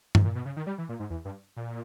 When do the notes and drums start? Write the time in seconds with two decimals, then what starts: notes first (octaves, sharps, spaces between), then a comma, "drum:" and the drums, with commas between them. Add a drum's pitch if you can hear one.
0.15 G#2, drum: tom G2
0.25 A#2
0.35 B2
0.45 C#3
0.57 D#3
0.67 G3
0.78 E3
0.89 A#2
1.00 G#2
1.10 E2
1.25 G2
1.57 A#2